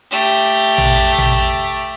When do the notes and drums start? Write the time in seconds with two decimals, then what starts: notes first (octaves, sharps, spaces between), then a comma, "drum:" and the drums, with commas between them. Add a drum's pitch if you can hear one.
0.11 A3 G4
0.78 drum: tom A1
1.18 drum: tom A1